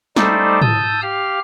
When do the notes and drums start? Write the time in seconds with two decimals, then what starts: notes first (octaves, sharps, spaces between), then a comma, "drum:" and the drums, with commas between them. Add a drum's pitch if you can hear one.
0.16 G3 A3 D#4 A4 C5 D5, drum: snare
0.62 A5 D#6 E6 G6, drum: tom
1.02 G4 F5 F6